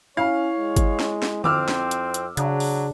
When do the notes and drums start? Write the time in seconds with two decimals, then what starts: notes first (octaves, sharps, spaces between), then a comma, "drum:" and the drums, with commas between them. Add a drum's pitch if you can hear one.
0.17 C#4 E4 C#5 F5
0.57 G#3
0.76 drum: kick G1, hi-hat
0.99 drum: snare
1.22 drum: snare
1.44 F2 C4 D6 E6 F6, drum: tom D3
1.68 drum: snare
1.91 drum: hi-hat
2.14 drum: hi-hat
2.37 C#3 F#3 D4, drum: hi-hat
2.60 drum: open hi-hat